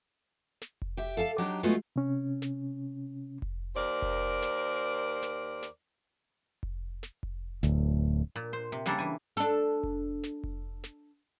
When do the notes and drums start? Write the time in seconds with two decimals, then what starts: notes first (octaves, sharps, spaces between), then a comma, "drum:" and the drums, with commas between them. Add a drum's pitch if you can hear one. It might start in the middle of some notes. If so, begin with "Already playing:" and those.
0.62 drum: snare
0.82 drum: kick F1
0.97 G4 E5 G5
1.17 A4 F5 G5 A5
1.38 F#3 D4 D#4 G4
1.63 F#3 G#3 A3 B3 F4 F#4
1.96 C3 C#4
2.42 drum: snare
3.42 drum: kick F1
3.75 D#2 A#4 C5 D5
4.02 drum: kick F1
4.42 drum: snare
5.22 drum: snare
5.63 drum: snare
6.63 drum: kick F1
7.03 drum: snare
7.23 drum: kick F1
7.63 D1 D2, drum: snare
8.36 A#2
8.53 C5
8.72 C3
8.86 C#3 G3 A#3 D4 A4 A#4, drum: snare
8.99 E3 G#5
9.37 D4 A4
9.83 drum: kick F1
10.23 drum: snare
10.44 drum: kick F1
10.84 drum: snare